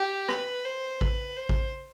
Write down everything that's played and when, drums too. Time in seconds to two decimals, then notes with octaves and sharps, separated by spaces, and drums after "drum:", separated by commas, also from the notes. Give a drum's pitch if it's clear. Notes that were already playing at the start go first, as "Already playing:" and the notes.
Already playing: G4
0.28 B4, drum: rim click
0.65 C5
1.01 B4, drum: kick A1
1.37 C5
1.49 drum: kick A1